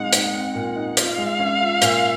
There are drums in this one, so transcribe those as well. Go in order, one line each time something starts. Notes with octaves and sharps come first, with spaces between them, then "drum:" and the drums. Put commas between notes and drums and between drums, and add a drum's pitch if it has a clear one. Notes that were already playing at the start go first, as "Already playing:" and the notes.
Already playing: A#2 G#3 C4 D#4 F#5
D#4, drum: hi-hat
C4
A#2
D#4
F4 F5, drum: hi-hat
G#3
C#4
F4
A#2, drum: hi-hat